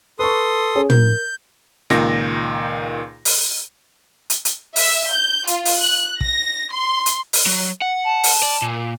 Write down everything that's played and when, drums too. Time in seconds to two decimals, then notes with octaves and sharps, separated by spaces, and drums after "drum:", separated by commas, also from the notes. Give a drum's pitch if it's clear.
0.19 A4 B4 C6 C#6 D#6
0.75 C#4 G#4 C#5
0.90 A#4 G6, drum: tom
1.90 C#2 A#2 D#3 A#6, drum: snare
3.25 drum: open hi-hat
4.30 drum: hi-hat
4.45 drum: hi-hat
4.76 E5, drum: open hi-hat
5.12 G6
5.47 F4, drum: hi-hat
5.65 drum: open hi-hat
5.80 F#6
6.21 A#6, drum: kick
6.72 C6
7.06 drum: hi-hat
7.33 drum: open hi-hat
7.46 F#3
7.82 F#5
8.04 A5
8.24 drum: open hi-hat
8.42 D5
8.62 A#2